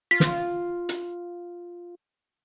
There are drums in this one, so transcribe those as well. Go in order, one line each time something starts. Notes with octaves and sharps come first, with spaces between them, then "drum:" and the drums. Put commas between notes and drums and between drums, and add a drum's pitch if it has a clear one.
F4 B6
drum: snare
drum: hi-hat